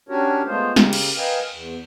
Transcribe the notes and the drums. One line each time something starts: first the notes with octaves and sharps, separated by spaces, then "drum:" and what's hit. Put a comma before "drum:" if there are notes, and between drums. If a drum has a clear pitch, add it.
C#4 D4 F#4 G4 A#4 C#5
G#3 A3 B3 F4 C5
C#3 G4 A#4, drum: snare
drum: cymbal
A#4 B4 D#5 F5 G5 G#5
E2